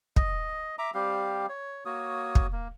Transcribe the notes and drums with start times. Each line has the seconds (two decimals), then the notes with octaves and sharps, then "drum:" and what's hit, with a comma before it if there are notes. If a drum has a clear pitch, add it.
0.16 D#5, drum: kick
0.79 E5 A#5 D6
0.94 G3 C4 G4 F5
1.49 C#5
1.85 A#3 F#4 C#5 D#6
2.35 drum: kick
2.52 A#3